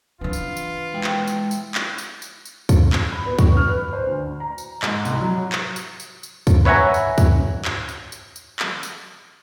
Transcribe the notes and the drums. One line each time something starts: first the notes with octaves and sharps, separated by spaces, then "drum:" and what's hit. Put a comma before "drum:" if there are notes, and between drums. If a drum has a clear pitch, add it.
E3 B3 D4 F4
drum: tambourine
drum: tambourine
G#3 E4 G5
drum: clap
drum: tambourine
drum: tambourine
drum: clap
drum: tambourine
drum: tambourine
drum: tambourine
drum: kick, tambourine
drum: clap
B5
B3
C#6, drum: kick, tambourine
F6
B4
C5
D2
A#5
drum: tambourine
G#2, drum: clap
C2, drum: tambourine
F#3
drum: clap
drum: tambourine
drum: tambourine
drum: tambourine
drum: kick, tambourine
B4 C#5 E5 F#5 G#5 A#5
drum: tambourine
drum: kick, tambourine
drum: clap
drum: tambourine
drum: tambourine
drum: tambourine
drum: clap
drum: tambourine